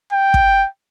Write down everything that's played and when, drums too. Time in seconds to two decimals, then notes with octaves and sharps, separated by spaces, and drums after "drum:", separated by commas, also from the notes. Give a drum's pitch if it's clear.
0.13 G5
0.34 drum: kick